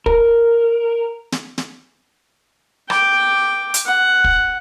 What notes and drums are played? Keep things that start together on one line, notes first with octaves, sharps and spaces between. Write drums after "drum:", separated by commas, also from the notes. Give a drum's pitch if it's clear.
A#4, drum: kick
drum: snare
drum: snare
G5 D6, drum: rim click
drum: hi-hat
F#5
drum: kick